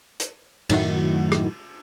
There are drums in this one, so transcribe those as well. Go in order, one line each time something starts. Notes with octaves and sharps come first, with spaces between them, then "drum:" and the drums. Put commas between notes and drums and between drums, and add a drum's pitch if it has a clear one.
drum: hi-hat
F#2 A2 D#3 F#3 E4 F#4, drum: cymbal
drum: rim click